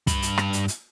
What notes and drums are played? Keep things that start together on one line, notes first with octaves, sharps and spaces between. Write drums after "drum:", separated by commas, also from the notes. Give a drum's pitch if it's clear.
G2 B5, drum: kick, hi-hat
drum: hi-hat
drum: rim click
drum: hi-hat
drum: hi-hat